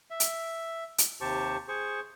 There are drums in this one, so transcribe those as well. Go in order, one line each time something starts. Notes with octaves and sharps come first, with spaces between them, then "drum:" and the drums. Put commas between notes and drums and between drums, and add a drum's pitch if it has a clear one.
E5
drum: hi-hat
drum: hi-hat
D#2 C3 G4 C5 A5 C#6
G#4 C5 C#6